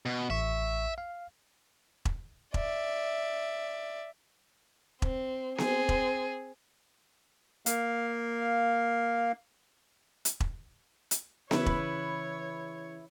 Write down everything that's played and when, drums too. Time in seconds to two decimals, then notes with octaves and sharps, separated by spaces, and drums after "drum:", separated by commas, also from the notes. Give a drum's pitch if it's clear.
0.06 B2
0.30 A1 E5 C#6
0.98 F5
2.05 drum: kick E1
2.54 D5 E5, drum: kick E1
5.02 C4, drum: kick E1
5.58 C4 G#4, drum: snare B3
5.89 drum: kick E1
7.66 A#3 F5, drum: hi-hat
10.25 drum: hi-hat
10.40 drum: kick E1
11.11 drum: hi-hat
11.51 C#3 E3 E4 B4 C#5, drum: snare B3
11.66 drum: kick E1